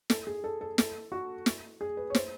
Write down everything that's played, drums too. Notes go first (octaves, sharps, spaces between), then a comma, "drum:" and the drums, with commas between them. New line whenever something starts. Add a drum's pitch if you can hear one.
A4, drum: snare
G#4
A4
A4
A4, drum: snare
F#4
drum: snare
G#4
B4
C#5
C5, drum: snare